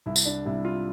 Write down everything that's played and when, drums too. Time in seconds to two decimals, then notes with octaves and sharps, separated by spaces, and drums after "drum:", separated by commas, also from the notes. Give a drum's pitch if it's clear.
0.06 C2 E4
0.16 drum: tambourine
0.25 D4
0.45 C3 G3 E4
0.65 F4